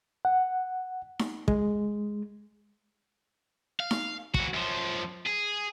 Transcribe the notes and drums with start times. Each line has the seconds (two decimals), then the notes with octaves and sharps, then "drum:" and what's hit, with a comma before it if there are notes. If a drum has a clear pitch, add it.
0.25 F#5
1.19 drum: snare D#4
1.48 G#3, drum: kick
3.80 F5
3.91 drum: snare D#4
4.34 E3 F#4, drum: kick
4.54 F#2 F3
5.27 G#4